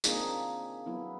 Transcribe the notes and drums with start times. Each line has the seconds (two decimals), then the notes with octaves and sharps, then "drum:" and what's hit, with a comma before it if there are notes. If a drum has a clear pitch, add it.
0.04 A#3 C4 D4 D#4 F4 G#4, drum: tambourine
0.86 F#3 B3 E4